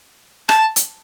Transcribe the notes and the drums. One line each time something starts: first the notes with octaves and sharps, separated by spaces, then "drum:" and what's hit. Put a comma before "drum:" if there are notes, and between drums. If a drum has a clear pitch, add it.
A5, drum: rim click
drum: hi-hat